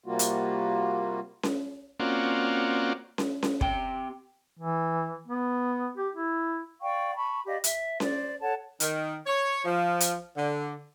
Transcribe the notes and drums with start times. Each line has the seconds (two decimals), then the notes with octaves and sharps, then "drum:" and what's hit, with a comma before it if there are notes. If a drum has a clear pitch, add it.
0.06 C3 G3 A#3 F4 F#4
0.19 drum: hi-hat
1.43 drum: snare C#4
2.00 A#3 C4 C#4 F4 F#4 D5
3.18 drum: snare C#4
3.43 drum: snare C#4
3.61 C3 G5, drum: kick
4.59 E3
5.28 B3
5.98 G4
6.16 E4
6.82 D5 F5 G5 C#6
7.16 A5 B5 C#6
7.46 G4 D5 D#5 F5
7.64 E5, drum: hi-hat
8.00 C5 D5, drum: snare C#4
8.41 A4 C#5 F#5 A5
8.80 D#3, drum: hi-hat
9.27 C#5
9.65 F3
10.00 drum: hi-hat
10.36 D3